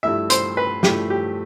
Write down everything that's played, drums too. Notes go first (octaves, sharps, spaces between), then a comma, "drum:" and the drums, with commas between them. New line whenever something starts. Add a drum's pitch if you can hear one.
G2 F3 A3 E4 E5
C5, drum: hi-hat
B4
G2 F3 A3 E4 G4, drum: snare
G4